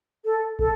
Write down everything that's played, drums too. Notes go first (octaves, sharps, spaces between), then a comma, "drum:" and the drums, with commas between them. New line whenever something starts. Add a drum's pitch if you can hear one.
A4
A4, drum: kick